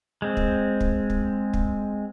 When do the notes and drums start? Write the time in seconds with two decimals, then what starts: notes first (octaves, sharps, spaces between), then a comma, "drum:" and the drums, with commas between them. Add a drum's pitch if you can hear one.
0.22 G#3 C4
0.37 drum: kick
0.81 drum: kick
1.10 drum: kick
1.54 drum: kick